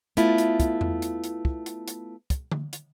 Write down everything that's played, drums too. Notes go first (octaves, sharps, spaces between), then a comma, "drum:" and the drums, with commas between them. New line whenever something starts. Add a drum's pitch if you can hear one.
A3 B3 E4 F4, drum: hi-hat
drum: hi-hat
drum: kick, hi-hat
drum: tom E2
drum: hi-hat
drum: hi-hat
drum: kick
drum: hi-hat
drum: hi-hat
drum: kick, hi-hat
drum: tom D3
drum: hi-hat